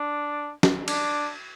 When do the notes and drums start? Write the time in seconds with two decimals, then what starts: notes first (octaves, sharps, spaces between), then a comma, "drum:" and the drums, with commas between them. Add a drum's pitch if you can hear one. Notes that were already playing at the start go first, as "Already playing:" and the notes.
Already playing: D4
0.63 drum: snare
0.88 D4, drum: cymbal